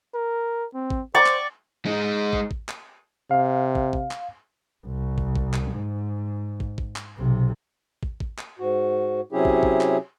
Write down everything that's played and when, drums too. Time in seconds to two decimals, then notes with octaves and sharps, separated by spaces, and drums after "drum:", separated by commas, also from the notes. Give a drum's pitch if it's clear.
0.15 A#4
0.74 C4
0.90 drum: kick
1.15 C5 D5 C#6 D6
1.26 drum: clap
1.85 G#3 D#4
2.33 drum: kick
2.51 drum: kick
2.68 drum: clap
3.31 C3 F5
3.75 drum: kick
3.93 drum: kick
4.11 drum: clap
4.86 C2
5.18 drum: kick
5.36 drum: kick
5.53 drum: clap
5.71 G#2
6.60 drum: kick
6.78 drum: kick
6.96 drum: clap
7.18 B1 C3
8.03 drum: kick
8.20 drum: kick
8.38 drum: clap
8.59 G#2 F#4
9.32 C3 F#3 C#4 E4 G4 G#4
9.45 drum: kick
9.63 drum: kick
9.81 drum: clap